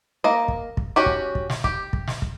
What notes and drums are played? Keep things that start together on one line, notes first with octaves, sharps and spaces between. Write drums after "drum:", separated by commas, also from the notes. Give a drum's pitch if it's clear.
A#3 D#5
drum: kick
drum: kick
C#4 F#4 G4
drum: kick
drum: kick
drum: snare
G4, drum: kick
drum: kick
drum: snare
drum: kick